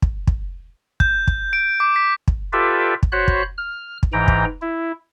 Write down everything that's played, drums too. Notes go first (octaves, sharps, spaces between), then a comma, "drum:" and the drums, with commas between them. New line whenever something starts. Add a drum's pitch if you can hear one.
drum: kick
drum: kick
G6, drum: kick
drum: kick
D7
D6
B6
drum: kick
F4 G4 A4 B4 D5 E5
drum: kick
F#4 C5 C#5 B5 F#6
drum: kick
F6
drum: kick
G#2 E3 G5 A#5
drum: kick
E4